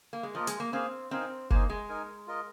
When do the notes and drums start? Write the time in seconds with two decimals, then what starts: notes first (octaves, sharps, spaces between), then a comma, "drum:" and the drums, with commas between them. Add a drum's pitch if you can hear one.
0.13 A#3
0.23 G#3
0.35 F3 A#3 F4 A#4 D#5
0.47 G#3, drum: hi-hat
0.60 A#3
0.73 A#3 C4 G#4 C5 F5 G#5
1.11 C4 D#4 A#4 F5 G#5
1.50 A#3 D#4 C5 G#5, drum: kick F#1
1.70 G#3
1.89 D#4 A#4 G#5
2.27 F4 A#4 D#5